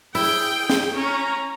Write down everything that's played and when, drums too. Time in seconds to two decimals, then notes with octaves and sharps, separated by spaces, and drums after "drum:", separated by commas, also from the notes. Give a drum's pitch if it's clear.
0.15 E4 G#4 G5, drum: open hi-hat
0.70 drum: snare
0.93 C#4 A#5